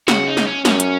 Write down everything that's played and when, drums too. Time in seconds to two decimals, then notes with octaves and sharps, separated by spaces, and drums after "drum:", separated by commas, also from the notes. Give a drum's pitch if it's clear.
0.08 C#3 F#4, drum: snare
0.27 D#4
0.37 drum: snare
0.47 C#4
0.65 F#2 C#4, drum: snare
0.80 drum: hi-hat